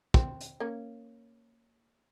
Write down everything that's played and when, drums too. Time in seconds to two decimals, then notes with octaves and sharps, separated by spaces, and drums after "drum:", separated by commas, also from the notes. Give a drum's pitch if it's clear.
0.14 C4, drum: kick
0.41 drum: hi-hat
0.60 A#3 C#4